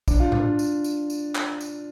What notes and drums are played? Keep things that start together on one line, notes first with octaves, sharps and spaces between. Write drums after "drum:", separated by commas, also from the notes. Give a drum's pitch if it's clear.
D4, drum: kick, tambourine
F4
D4, drum: tom A2
drum: tambourine
drum: tambourine
drum: tambourine
drum: clap
drum: tambourine